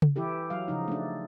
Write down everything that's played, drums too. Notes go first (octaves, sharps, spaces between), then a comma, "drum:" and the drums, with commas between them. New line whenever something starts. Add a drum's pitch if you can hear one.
drum: tom C#3
E3 E4 G4 A4
F#3 F5
C#3 F3 D#4
A3 D4